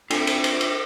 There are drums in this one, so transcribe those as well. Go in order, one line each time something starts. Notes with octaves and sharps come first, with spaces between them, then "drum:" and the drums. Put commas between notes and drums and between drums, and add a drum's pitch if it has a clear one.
C4 D4 F4 A4 E5 G5 G#5, drum: cymbal
drum: cymbal
drum: cymbal
drum: cymbal